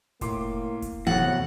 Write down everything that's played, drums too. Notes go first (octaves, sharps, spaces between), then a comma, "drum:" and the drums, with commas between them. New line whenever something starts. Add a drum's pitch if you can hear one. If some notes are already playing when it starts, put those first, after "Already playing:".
A2 A#3 C6 D6, drum: kick F1, hi-hat
drum: kick F1, hi-hat
E2 A2 C3 F#4 F5 F#5